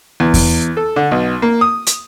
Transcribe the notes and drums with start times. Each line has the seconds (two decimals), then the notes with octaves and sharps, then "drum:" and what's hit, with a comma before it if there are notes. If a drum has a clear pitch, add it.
0.20 E2
0.34 drum: kick E2, open hi-hat
0.77 A4
0.96 D3
1.11 B1
1.42 A#3
1.61 D#6
1.87 drum: hi-hat